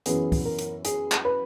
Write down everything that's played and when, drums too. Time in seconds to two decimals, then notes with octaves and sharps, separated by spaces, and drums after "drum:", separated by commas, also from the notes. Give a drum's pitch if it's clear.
0.06 F#2 E3 B3 G#4, drum: hi-hat
0.32 drum: kick, open hi-hat
0.45 A#4
0.59 drum: hi-hat
0.85 G#4, drum: hi-hat
1.12 drum: clap
1.25 B4